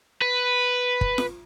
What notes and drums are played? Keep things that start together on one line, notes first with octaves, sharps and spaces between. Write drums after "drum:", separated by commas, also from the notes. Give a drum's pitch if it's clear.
B4
drum: kick
drum: snare F4